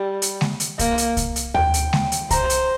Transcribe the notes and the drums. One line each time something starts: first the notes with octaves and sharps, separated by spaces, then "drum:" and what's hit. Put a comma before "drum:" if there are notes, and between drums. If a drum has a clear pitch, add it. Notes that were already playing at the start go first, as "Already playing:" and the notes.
Already playing: G3
drum: hi-hat
drum: snare G#3
drum: hi-hat
A#3, drum: kick C2, hi-hat
drum: hi-hat
drum: kick C2, hi-hat
drum: hi-hat
G5, drum: tom D#2
drum: hi-hat
drum: snare G#3
drum: hi-hat
C5 A#5, drum: kick C2, hi-hat
drum: hi-hat